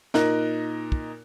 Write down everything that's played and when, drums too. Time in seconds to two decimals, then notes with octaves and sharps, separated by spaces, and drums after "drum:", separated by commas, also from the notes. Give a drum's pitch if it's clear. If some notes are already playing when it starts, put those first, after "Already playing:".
0.14 A#2 D#4 A#4 F#6, drum: snare
0.92 drum: kick